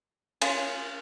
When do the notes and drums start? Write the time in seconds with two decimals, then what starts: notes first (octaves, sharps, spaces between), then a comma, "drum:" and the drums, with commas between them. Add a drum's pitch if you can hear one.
0.42 C#4 F4, drum: cymbal